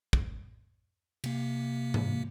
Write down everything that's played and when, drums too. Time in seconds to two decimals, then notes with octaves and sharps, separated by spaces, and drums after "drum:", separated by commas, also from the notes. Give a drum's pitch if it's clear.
0.13 drum: kick
1.24 C3 A#3, drum: cymbal
1.94 drum: tom G#2